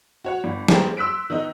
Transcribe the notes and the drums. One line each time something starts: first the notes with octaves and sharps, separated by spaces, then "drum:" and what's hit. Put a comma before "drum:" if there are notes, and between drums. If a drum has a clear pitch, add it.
F#4 C#5 F#5
G1
A3 A#3 G4 G#4 A#4 C5, drum: snare
C6 E6 F#6 B6 D7
D#3 B3 D#4 D#5